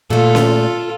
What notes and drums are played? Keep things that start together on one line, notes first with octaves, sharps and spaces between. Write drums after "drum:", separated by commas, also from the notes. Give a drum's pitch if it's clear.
A#2 A3 F4 A4
drum: snare C#4